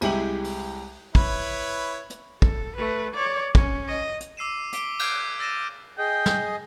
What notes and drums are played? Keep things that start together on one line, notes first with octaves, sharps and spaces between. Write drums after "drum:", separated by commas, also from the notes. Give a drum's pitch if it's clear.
C2 G#3 E4 G4 G5 F#7, drum: cymbal
drum: open hi-hat
E4 B4 C#5, drum: kick
drum: hi-hat
A4, drum: kick
A3 B4
C#5 D5
C#4, drum: kick
D#5
drum: hi-hat
D6 E6 C7 D#7 E7
D6 B6 D7 G7, drum: hi-hat
D6 F6 G6 G#6 C7 D7, drum: cymbal
E6 A6 A#6 D#7 E7
G#4 D#5 G5
drum: snare